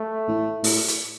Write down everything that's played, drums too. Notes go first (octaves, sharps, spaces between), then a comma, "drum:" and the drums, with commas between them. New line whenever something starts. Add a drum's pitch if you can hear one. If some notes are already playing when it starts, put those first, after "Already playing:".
Already playing: A3
A2
A2, drum: open hi-hat
drum: hi-hat